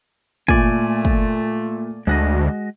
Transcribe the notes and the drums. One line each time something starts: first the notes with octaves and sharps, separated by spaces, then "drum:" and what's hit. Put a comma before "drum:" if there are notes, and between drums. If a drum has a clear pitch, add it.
A#2 A3 D5 G#5, drum: kick
drum: kick
D2 G#3 F#4 D#5